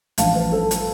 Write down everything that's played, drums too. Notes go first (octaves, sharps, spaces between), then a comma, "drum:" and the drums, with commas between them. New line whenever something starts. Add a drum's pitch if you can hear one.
A1 G2 F3 F5 A5, drum: hi-hat
B4
A4
F3, drum: hi-hat